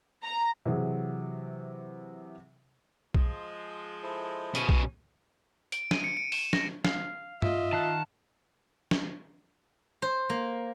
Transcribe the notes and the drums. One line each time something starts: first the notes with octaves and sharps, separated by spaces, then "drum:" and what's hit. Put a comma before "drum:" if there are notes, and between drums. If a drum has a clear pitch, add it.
A#5
C3 E3 F#3 G#4
F3 G#3, drum: kick B1
E4 A4 C5
B2 C#4, drum: hi-hat
drum: kick B1
D7, drum: hi-hat
D#7, drum: snare
C#7
D7
E7, drum: open hi-hat
A#6, drum: snare
F5, drum: snare
F4 D#5 E5, drum: tom G2
D#3 F5 F#5 A5
drum: snare
C5
A#3